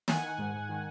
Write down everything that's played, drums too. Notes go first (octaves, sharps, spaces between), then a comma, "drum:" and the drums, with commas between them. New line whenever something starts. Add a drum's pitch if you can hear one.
D#3 F#5 G#5, drum: snare
D#3
G#2
G#2
D#3